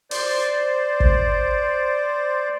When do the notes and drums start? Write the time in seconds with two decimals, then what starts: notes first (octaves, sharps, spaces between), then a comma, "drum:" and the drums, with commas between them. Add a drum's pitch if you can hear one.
0.11 C5 D5, drum: open hi-hat
1.00 drum: kick